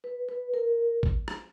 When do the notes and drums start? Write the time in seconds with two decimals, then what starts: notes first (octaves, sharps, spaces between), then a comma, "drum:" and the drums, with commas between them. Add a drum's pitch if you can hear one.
0.04 B4
0.29 B4
0.54 A#4
1.03 drum: kick A1
1.28 drum: rim click